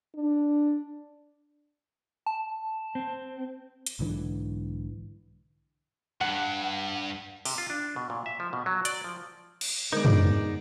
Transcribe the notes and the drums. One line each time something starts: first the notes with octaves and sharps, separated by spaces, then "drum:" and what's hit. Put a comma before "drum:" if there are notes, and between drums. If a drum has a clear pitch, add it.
D4
A5
C4
drum: hi-hat
B1 G#2 D3 E3
G2 F#5
C3, drum: open hi-hat
F4
D4
B2
A#2
E5
F3
B2
F#3
D5, drum: hi-hat
F3
drum: cymbal
D3 G#3 B3 D#4 A#4 D5 G6
drum: tom